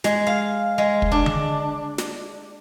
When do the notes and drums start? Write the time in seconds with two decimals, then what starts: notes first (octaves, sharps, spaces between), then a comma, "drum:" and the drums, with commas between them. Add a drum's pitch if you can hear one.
0.04 G#3, drum: snare
0.27 F5
0.78 G#3
1.02 drum: kick
1.12 D4
1.26 drum: tom D3
1.98 drum: snare